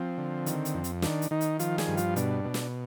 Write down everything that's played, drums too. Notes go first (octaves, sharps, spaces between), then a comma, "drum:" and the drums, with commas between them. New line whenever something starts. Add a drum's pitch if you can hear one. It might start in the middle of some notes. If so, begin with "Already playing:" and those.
Already playing: F3 C4
D3
D#3, drum: hi-hat
drum: hi-hat
F2
drum: hi-hat
D#3 D4, drum: snare
drum: hi-hat
D#3 D#4
drum: hi-hat
F3 F4, drum: hi-hat
G#4, drum: snare
G2
F4, drum: hi-hat
B2 D4, drum: hi-hat
B2
drum: snare